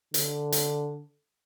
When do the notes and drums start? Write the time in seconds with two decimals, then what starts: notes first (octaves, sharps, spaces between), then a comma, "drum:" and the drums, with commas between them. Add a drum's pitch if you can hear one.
0.14 D3, drum: hi-hat
0.52 drum: hi-hat